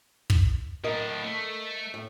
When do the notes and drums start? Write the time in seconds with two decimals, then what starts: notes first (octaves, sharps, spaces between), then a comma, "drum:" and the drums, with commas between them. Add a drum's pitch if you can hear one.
0.30 drum: kick
0.84 A2 D4 A#4 D#5
1.24 A3
1.94 A2